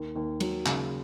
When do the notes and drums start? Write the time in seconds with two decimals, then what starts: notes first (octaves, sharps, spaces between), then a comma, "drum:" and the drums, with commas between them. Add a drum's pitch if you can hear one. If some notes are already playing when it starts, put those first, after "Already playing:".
Already playing: D#2
0.15 D#2
0.40 F#3, drum: cymbal
0.66 C#3, drum: clap